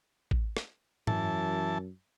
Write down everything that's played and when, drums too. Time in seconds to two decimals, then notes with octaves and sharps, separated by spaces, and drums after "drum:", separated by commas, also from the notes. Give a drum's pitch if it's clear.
0.31 drum: kick A1
0.57 drum: rim click
1.07 F#2 E3 A5, drum: tom G#2